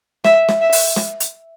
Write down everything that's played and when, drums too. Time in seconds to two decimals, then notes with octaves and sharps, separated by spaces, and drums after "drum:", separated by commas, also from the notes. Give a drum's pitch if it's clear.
0.24 E5, drum: snare
0.49 drum: snare
0.61 E5
0.72 drum: open hi-hat
0.96 drum: snare
1.20 drum: hi-hat